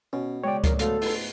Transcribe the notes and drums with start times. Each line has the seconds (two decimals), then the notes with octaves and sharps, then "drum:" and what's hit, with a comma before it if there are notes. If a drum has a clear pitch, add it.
0.13 B2 C#4
0.44 C#3 G#3 C#5 D5 G5
0.64 A#1 A#4, drum: kick C#2, hi-hat
0.79 D2 A3 B3 A4 F5 C6, drum: hi-hat
1.02 G#2 B4, drum: open hi-hat